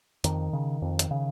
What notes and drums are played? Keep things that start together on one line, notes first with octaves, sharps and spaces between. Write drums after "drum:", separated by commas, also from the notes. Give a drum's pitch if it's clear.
F2 D#3, drum: hi-hat
C#3
F2
drum: hi-hat
C#3